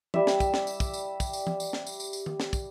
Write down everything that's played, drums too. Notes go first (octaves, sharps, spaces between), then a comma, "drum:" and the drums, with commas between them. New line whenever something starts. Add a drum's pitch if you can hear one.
G3 E5, drum: tom E3
drum: snare
drum: kick, tambourine
drum: snare
drum: tambourine
drum: kick, tambourine
drum: tambourine
drum: kick, tambourine
drum: tambourine
drum: tom E3
drum: tambourine
drum: snare
drum: tambourine
drum: tambourine
drum: tambourine
drum: tom D#3
drum: snare
drum: kick, tambourine